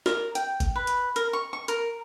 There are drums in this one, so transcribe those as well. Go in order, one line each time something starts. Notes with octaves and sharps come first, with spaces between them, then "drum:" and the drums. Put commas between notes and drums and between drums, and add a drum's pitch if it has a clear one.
A#4, drum: snare
G5, drum: hi-hat
drum: kick G1, hi-hat
B4
drum: hi-hat
A#4, drum: hi-hat
C#6
C#6
A#4, drum: hi-hat